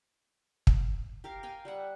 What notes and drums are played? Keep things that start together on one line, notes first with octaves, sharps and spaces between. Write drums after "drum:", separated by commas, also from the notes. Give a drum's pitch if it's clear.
drum: kick
G4 A#4 F5
F5 G5 G#5
G3 E5 F#5